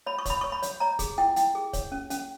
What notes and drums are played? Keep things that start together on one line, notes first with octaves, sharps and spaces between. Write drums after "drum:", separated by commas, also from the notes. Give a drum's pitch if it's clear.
C#5 B5
C#6
C#5 B5, drum: kick, hi-hat
C#5 C#6
B5
C#5, drum: hi-hat
C#5 A#5
G#4, drum: kick, hi-hat
E4 G5
E4 G5, drum: hi-hat
G#4
C#5, drum: kick, hi-hat
C#4
C#4, drum: hi-hat